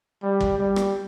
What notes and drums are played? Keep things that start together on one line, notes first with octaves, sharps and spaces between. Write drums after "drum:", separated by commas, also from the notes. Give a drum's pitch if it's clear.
G3
drum: kick
G3
drum: rim click